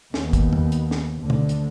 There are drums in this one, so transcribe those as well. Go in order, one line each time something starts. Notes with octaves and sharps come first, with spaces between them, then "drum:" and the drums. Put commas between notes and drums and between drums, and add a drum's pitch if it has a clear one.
D#2 B3, drum: snare
drum: kick, hi-hat
drum: tom E2
drum: hi-hat
drum: snare
D2 D3
drum: tom
drum: hi-hat